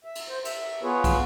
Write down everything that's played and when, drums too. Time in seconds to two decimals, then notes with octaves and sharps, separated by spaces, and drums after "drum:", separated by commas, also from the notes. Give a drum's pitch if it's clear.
0.04 E5
0.15 drum: cymbal
0.29 C5
0.45 E5, drum: cymbal
0.83 B3 F4 G#4 B4 C#5
1.04 drum: kick, cymbal